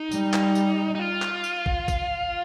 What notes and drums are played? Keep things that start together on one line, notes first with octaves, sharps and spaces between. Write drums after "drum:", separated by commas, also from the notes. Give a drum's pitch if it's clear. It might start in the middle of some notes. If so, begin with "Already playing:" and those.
Already playing: D#4
G3, drum: tambourine
drum: clap
drum: tambourine
D#4
F4
drum: clap
drum: tambourine
drum: kick
drum: kick, tambourine